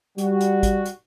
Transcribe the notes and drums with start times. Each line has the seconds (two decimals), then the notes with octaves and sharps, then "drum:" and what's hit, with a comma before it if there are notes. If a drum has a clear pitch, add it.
0.18 G3 F#4, drum: hi-hat
0.41 drum: hi-hat
0.63 drum: kick, hi-hat
0.85 drum: hi-hat